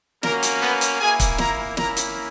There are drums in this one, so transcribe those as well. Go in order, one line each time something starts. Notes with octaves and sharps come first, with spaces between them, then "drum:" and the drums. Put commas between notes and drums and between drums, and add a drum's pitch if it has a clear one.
A#3 C#4 F#4 A#4, drum: snare
drum: hi-hat
B3 B4
drum: hi-hat
A#3 E4 G#4 G#5
drum: kick, hi-hat
A#4 A#5, drum: snare
A#3 C#4 E4 A#4 A#5, drum: snare
drum: hi-hat